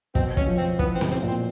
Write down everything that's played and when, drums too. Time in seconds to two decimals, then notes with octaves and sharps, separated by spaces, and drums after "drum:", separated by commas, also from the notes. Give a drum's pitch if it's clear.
0.15 B2 C4, drum: kick
0.37 C#4, drum: kick
0.47 F3
0.58 C4
0.79 E3 B3, drum: kick
0.95 C4
1.01 B2, drum: snare C4
1.12 C4
1.22 A#2
1.28 C4